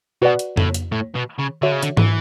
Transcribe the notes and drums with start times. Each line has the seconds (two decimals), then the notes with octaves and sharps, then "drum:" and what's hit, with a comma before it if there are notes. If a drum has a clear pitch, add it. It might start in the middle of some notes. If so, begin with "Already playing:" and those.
0.22 B2 F#4 B4 D5 F#5
0.39 drum: hi-hat
0.57 A2, drum: tom F2
0.74 drum: hi-hat
0.92 A2
1.15 B2
1.39 C#3
1.62 D3 F#4 C#5 E5
1.72 C#3
1.83 D3, drum: hi-hat
1.97 E3, drum: tom G#2